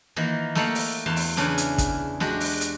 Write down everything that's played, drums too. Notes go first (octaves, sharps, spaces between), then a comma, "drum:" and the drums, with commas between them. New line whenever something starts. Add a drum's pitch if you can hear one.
D#3 E3 A#3
A3 A#3 D#4 A4 F5 F#5, drum: snare
drum: open hi-hat
E2 F5 A5 C6
drum: open hi-hat
C#3 E3 C#4 D4 G#4, drum: snare
drum: hi-hat
drum: kick, hi-hat
G#3 D4 F#4 G4, drum: snare
drum: open hi-hat
drum: hi-hat